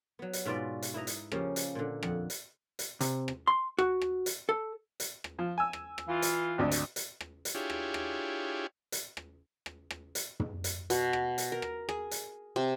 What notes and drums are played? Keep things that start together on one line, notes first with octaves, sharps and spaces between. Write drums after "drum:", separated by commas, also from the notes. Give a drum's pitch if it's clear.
F#3 B3
drum: hi-hat
G#2 B2 F4 B4 D5
drum: hi-hat
E4 B4 D#5 A#5
drum: hi-hat
C#3 F3 A#3 C#4 G4, drum: rim click
drum: hi-hat
A#2 D3
F2 F#5, drum: rim click
drum: hi-hat
drum: hi-hat
C3, drum: hi-hat
drum: rim click
C6
F#4, drum: rim click
drum: rim click
drum: hi-hat
A4
drum: hi-hat
drum: rim click
F3
G#5 E6
drum: rim click
drum: rim click
E3 F4
drum: hi-hat
G#1 D2 D4
drum: hi-hat
drum: hi-hat
drum: rim click
drum: hi-hat
D4 E4 F4 G4 G#4 C#5
drum: rim click
drum: rim click
drum: hi-hat
drum: rim click
drum: rim click
drum: rim click
drum: hi-hat
drum: tom
drum: hi-hat
B2, drum: hi-hat
drum: rim click
drum: hi-hat
A#4
drum: rim click
G#4, drum: rim click
drum: hi-hat
C3